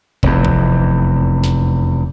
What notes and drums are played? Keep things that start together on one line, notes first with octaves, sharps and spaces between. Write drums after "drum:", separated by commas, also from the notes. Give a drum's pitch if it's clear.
F1 E2, drum: kick
drum: kick
drum: snare